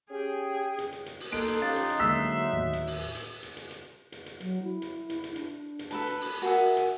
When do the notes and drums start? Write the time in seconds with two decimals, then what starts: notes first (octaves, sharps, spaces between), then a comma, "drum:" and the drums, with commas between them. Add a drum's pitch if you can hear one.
0.11 C#4 G4 G#4 G5
0.78 drum: hi-hat
0.92 drum: hi-hat
1.06 drum: hi-hat
1.20 drum: open hi-hat
1.32 A#3 D#4 A4 C6 F#6 D7
1.48 drum: hi-hat
1.62 F3 C#4 G4 F5 A6
1.76 drum: hi-hat
1.90 drum: hi-hat
2.00 D2 D3 F#3 G#3 A#3 E5 E6 B6
2.53 D#2 A2
2.73 drum: hi-hat
2.87 drum: open hi-hat
3.15 drum: hi-hat
3.43 drum: hi-hat
3.57 drum: hi-hat
3.71 drum: hi-hat
4.12 drum: hi-hat
4.26 drum: hi-hat
4.40 F#3, drum: hi-hat
4.63 E4
4.82 drum: hi-hat
5.10 drum: hi-hat
5.24 drum: hi-hat
5.36 D4, drum: hi-hat
5.79 drum: hi-hat
5.91 A4 B4 A5, drum: hi-hat
6.07 drum: hi-hat
6.21 drum: open hi-hat
6.42 F#4 G#4 A#4 E5
6.77 drum: hi-hat